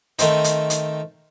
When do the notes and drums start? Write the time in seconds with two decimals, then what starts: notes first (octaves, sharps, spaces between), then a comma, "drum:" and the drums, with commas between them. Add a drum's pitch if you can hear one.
0.19 D#3 A3 C4 D#4, drum: hi-hat
0.44 drum: hi-hat
0.70 drum: hi-hat